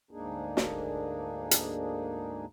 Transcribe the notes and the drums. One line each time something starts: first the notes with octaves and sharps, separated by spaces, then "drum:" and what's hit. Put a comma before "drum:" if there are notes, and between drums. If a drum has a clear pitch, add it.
D2 G#2 A#3 D4 D#4 G#4
drum: snare
drum: hi-hat